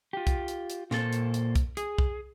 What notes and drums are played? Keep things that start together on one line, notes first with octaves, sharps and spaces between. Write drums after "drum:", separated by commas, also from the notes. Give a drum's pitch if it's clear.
F4 G4
drum: kick, hi-hat
drum: hi-hat
drum: hi-hat
A#2 A#3 A4 C5, drum: snare
drum: hi-hat
drum: hi-hat
drum: kick, hi-hat
G#4, drum: hi-hat
drum: kick